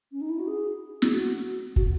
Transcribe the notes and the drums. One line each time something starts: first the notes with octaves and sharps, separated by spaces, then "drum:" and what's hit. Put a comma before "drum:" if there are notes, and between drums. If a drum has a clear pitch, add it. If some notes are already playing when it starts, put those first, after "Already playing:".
C#4
D#4
E4
F#4
G#4
E4, drum: snare
F#4
F#4, drum: kick